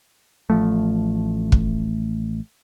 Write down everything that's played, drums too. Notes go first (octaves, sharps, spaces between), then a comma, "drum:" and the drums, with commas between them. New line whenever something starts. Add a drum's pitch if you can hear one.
A1 F3 A3
drum: kick